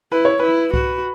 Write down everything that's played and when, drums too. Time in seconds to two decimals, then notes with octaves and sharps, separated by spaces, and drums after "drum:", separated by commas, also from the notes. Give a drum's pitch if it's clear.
0.12 E4 B4
0.25 C#5
0.39 E4 B4
0.74 F#4, drum: kick C2